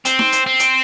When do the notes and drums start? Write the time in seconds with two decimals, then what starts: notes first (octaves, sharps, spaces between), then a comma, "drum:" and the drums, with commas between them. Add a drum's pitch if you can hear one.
0.05 C4, drum: hi-hat
0.19 drum: snare D#4
0.32 drum: hi-hat
0.46 C4
0.59 drum: hi-hat